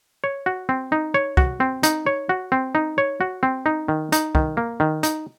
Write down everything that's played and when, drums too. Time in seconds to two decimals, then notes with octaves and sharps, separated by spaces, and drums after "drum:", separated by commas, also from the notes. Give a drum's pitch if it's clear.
0.24 C#5
0.46 F#4
0.69 C4
0.92 D#4
1.14 C#5
1.37 F#4, drum: kick
1.60 C4
1.83 D#4, drum: hi-hat
2.06 C#5
2.29 F#4
2.52 C4
2.75 D#4
2.98 C#5
3.21 F#4
3.43 C4
3.66 D#4
3.88 D#3
4.12 D#4, drum: hi-hat
4.35 D#3, drum: kick
4.57 A#3
4.80 D#3
5.03 D#4, drum: hi-hat